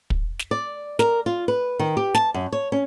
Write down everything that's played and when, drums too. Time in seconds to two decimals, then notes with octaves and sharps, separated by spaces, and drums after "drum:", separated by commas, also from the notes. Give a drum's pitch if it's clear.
0.10 drum: kick
0.39 drum: snare
0.51 D5
0.99 A#4, drum: snare
1.26 F4
1.48 B4
1.79 D#3
1.97 G4
2.14 A5, drum: snare
2.34 F#2
2.53 C#5
2.72 C#4